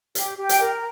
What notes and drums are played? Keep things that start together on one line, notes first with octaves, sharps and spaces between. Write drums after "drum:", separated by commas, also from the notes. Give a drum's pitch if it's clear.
G4, drum: hi-hat
G4
G5, drum: hi-hat
A#4